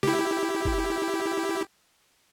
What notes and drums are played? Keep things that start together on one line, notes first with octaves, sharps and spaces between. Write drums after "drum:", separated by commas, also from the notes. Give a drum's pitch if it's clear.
E4 G4, drum: snare
drum: kick